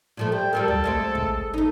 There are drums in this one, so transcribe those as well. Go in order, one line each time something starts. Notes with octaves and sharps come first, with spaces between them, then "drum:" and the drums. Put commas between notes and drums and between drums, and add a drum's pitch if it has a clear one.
A#2 F3 A3
G3 G5
G3 F4 A4 A#4
drum: tom
G#3 A3 C4
drum: kick
A3 D#4